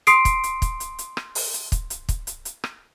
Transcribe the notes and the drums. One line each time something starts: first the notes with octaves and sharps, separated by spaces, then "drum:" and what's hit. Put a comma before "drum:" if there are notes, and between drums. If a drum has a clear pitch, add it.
C6 D#6 C7 D7, drum: hi-hat
drum: kick, hi-hat
drum: hi-hat
drum: kick, hi-hat
drum: hi-hat
drum: hi-hat
drum: rim click
drum: open hi-hat
drum: hi-hat
drum: kick, hi-hat
drum: hi-hat
drum: kick, hi-hat
drum: hi-hat
drum: hi-hat
drum: rim click